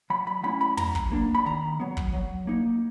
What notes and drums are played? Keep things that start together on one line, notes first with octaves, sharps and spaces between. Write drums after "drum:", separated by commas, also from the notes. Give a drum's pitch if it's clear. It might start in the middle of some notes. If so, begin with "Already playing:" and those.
F#3 B5
B5
A3 C#4 E4 B5
B5
F#3 A#5, drum: tom
drum: kick
A#3 D4
B5
D#3 A#5
F#3 B3
drum: kick
F#3
A#3 D#4